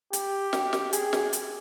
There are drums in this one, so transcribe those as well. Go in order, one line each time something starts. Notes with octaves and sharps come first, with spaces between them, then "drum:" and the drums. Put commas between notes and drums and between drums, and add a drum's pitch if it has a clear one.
G4, drum: hi-hat
drum: snare
drum: snare
G#4, drum: hi-hat
drum: snare
drum: hi-hat